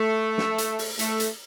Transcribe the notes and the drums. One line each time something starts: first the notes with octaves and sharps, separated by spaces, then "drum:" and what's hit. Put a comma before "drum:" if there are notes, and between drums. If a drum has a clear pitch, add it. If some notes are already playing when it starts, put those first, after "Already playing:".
Already playing: A3
drum: snare
drum: hi-hat
drum: open hi-hat
A3, drum: hi-hat
drum: hi-hat